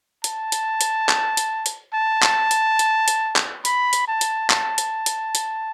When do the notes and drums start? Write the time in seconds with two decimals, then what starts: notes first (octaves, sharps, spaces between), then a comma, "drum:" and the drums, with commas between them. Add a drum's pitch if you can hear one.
0.24 A5, drum: hi-hat
0.52 drum: hi-hat
0.81 drum: hi-hat
1.09 drum: clap
1.37 drum: hi-hat
1.66 drum: hi-hat
1.94 A5
2.23 drum: clap
2.51 drum: hi-hat
2.79 drum: hi-hat
3.08 drum: hi-hat
3.36 drum: clap
3.65 B5, drum: hi-hat
3.93 drum: hi-hat
4.08 A5
4.21 drum: hi-hat
4.50 A5, drum: clap
4.78 drum: hi-hat
5.06 drum: hi-hat
5.35 drum: hi-hat